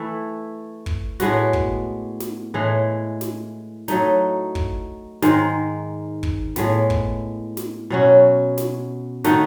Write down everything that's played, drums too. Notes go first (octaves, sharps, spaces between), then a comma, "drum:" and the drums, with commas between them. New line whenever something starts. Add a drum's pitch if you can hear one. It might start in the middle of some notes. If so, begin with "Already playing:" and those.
Already playing: E3 A3 E4
drum: kick
A2 G#3 B3 F#4, drum: snare
drum: kick
drum: snare
A2 E3 G#3
drum: snare
F#3 A3 D#4, drum: snare
drum: kick
G#2 D#3 G#3, drum: snare
drum: kick
A2 G#3 B3, drum: snare
drum: kick
drum: snare
B2 F#3 C#4 F#4
drum: snare
D#3 A3 D#4 F#4, drum: snare